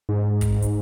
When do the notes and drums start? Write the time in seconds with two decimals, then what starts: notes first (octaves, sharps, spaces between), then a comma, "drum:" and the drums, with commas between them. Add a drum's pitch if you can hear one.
0.09 G#2
0.41 drum: kick, hi-hat
0.62 drum: hi-hat